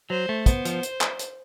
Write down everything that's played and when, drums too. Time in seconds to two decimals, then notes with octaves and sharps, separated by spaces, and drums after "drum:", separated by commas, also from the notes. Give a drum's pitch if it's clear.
0.10 F#3 C5
0.29 A3
0.46 B3 C5, drum: kick, hi-hat
0.65 F3, drum: hi-hat
0.83 drum: hi-hat
1.01 drum: clap
1.19 drum: hi-hat